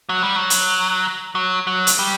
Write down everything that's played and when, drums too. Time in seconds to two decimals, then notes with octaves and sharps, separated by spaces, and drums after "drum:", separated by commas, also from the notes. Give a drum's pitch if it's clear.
0.09 F#3
0.23 G3
0.36 F#3
0.50 drum: hi-hat
1.35 F#3
1.67 F#3
1.87 drum: hi-hat
1.99 G3